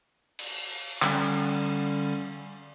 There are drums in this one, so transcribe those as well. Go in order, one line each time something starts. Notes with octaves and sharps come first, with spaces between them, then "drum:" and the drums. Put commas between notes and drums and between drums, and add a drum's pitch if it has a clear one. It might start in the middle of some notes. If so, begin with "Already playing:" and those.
drum: cymbal
D3 G3 C#4, drum: clap